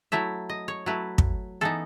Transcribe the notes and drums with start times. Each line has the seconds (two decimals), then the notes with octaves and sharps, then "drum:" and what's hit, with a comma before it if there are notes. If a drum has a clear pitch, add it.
0.12 F#3 A3 E4 E5
0.50 D#5
0.68 C#5
0.86 F#3 A3 E4 B4
1.18 drum: kick
1.61 E3 B3 D#4 A4